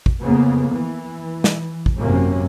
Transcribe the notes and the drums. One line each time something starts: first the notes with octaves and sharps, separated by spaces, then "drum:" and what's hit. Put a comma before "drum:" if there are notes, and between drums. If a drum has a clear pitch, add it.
drum: kick
F2 C#3 A#3 B3
E3
drum: snare
drum: kick
G#1 F#2 C3 A#3 C#4